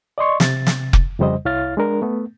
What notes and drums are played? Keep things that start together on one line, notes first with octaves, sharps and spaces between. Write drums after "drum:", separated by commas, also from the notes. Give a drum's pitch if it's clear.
D5 D#5 C6 C#6
C3 A6, drum: snare
drum: snare
drum: kick F1
F2 C#3 G3 C5 D#5
C2 E4 C#5 F5 F6 A6
G#3 D4 A#4
A3 B3